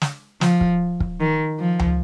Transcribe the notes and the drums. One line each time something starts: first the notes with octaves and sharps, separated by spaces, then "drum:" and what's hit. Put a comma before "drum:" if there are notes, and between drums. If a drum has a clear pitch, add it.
drum: snare
F3, drum: snare
drum: kick
drum: kick
D#3
F3
drum: tom C#2